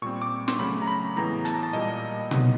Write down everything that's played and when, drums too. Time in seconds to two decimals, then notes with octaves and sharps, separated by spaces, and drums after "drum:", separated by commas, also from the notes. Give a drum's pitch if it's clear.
0.02 A#2 G3 C4 C#6
0.22 D6
0.48 C6, drum: snare
0.59 C#3 F#3 A3 B5
0.82 A#5
0.87 B5
1.16 A2 E3 G#3 B3 A#5
1.45 A5, drum: hi-hat
1.54 A#5
1.63 A5
1.73 A#2 G3 A#3 D#5
2.31 A2 F#3 B3 D#4, drum: tom